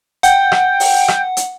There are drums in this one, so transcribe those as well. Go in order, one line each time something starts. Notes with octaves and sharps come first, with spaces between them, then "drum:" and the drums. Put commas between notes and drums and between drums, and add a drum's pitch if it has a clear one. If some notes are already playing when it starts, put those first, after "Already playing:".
F#5 G5, drum: hi-hat
drum: rim click
drum: open hi-hat
drum: rim click
drum: hi-hat